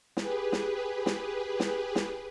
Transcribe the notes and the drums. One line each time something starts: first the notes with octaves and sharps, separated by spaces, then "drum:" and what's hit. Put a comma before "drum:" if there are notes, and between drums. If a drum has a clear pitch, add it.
G4 G#4 B4, drum: snare
drum: snare
drum: snare
drum: snare
drum: snare